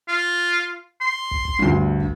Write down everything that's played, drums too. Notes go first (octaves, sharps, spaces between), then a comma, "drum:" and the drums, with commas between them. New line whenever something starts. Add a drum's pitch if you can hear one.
F4
C6
drum: kick
drum: kick
D2 G2
drum: kick